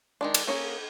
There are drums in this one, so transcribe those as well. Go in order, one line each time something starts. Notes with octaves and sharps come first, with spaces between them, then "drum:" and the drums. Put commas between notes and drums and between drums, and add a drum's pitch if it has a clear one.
D#3 G#3 D4
drum: cymbal
A#3 C#4 G#4 A#4